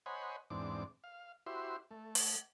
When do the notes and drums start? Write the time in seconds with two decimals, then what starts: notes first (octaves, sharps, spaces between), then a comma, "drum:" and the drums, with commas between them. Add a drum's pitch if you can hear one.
0.06 C5 C#5 D#5 F#5 G#5 B5
0.50 E2 G#2 C4 D4 D6
1.04 F5
1.46 E4 F#4 G4 C5 E5 C6
1.91 A3
2.15 drum: open hi-hat